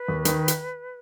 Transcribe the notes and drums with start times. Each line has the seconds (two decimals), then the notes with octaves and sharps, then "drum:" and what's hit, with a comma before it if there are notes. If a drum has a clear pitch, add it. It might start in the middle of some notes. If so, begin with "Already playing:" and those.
Already playing: B4
0.08 D#2
0.25 D#3, drum: hi-hat
0.48 drum: hi-hat